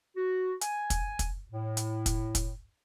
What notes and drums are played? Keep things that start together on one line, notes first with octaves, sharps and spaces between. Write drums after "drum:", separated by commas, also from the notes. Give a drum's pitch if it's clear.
F#4
G#5, drum: hi-hat
drum: kick, hi-hat
drum: kick, hi-hat
A2
drum: hi-hat
drum: kick, hi-hat
drum: kick, hi-hat